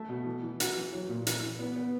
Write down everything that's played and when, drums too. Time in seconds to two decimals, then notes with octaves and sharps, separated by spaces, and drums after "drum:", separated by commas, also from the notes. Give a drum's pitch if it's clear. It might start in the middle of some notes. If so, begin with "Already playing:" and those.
Already playing: A3
0.09 B2
0.26 E3
0.43 E3
0.60 F#4, drum: hi-hat
0.76 E3
0.92 F#3
1.09 A#2
1.27 E3, drum: hi-hat
1.43 E3
1.59 B3
1.76 B3